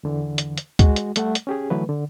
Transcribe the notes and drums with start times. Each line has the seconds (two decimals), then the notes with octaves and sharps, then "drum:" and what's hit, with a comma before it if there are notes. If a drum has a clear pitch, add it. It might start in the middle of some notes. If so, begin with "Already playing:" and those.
0.03 E2 D3 E3
0.38 drum: hi-hat
0.58 drum: hi-hat
0.79 G#3 F#4, drum: kick C#2, hi-hat
0.96 drum: hi-hat
1.16 G3 A3 E5 F#5, drum: hi-hat
1.35 drum: hi-hat
1.47 C#4 G4 G#4
1.70 D3 E3 F#3 A3 B4
1.89 D3